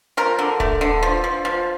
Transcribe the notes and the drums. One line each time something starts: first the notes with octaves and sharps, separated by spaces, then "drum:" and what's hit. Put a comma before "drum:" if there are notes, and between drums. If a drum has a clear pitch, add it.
F3 A#4
D3
A3, drum: kick D#1
D3
F3
F3
F3